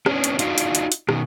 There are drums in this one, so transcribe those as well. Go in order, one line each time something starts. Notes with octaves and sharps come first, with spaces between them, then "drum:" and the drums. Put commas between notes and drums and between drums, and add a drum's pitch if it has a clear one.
B3 C#4 D4, drum: rim click
drum: hi-hat
D4 D#4 F4 F#4, drum: hi-hat
drum: hi-hat
drum: hi-hat
drum: hi-hat
B2 D#3, drum: rim click